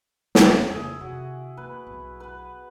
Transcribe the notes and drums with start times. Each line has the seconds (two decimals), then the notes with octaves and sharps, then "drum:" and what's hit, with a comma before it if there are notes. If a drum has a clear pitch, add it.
0.35 D#1 E3 E4, drum: snare
0.70 F2 C#3 G#4
1.01 C3 D#3 F#4
1.57 A#3 B4
1.87 B1
2.20 B4